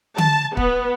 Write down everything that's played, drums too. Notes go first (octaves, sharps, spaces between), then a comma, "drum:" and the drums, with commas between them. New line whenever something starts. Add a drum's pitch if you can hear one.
A5, drum: tom D3
B3, drum: kick